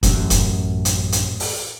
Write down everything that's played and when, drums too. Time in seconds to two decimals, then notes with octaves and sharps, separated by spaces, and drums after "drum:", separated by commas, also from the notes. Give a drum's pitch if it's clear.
0.03 A1 F#2, drum: kick E1, hi-hat
0.30 drum: kick E1, hi-hat
0.85 drum: hi-hat
1.12 drum: hi-hat
1.40 drum: open hi-hat